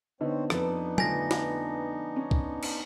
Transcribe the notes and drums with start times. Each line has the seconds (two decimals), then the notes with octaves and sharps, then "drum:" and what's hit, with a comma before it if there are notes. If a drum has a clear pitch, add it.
0.21 D3 B3 C4 D#4 C5 C#5
0.50 F2 B3 D4 D#4 A4 B4, drum: rim click
0.98 D3 F3 A3 G#5 A#6, drum: tom
1.31 drum: snare
2.16 C#4
2.31 drum: kick
2.63 drum: cymbal